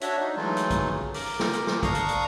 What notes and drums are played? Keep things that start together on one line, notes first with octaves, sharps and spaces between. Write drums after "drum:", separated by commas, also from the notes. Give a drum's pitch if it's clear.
D4 F#4 C#5 E5, drum: hi-hat
D#4
E3 F#3 G#3 A3 D#4 F4
drum: hi-hat
drum: kick, hi-hat
C#3
A#4 D6, drum: open hi-hat
drum: snare
drum: hi-hat
drum: snare
D4 F5 A#5 C#6 D#6, drum: kick, hi-hat
drum: hi-hat
drum: hi-hat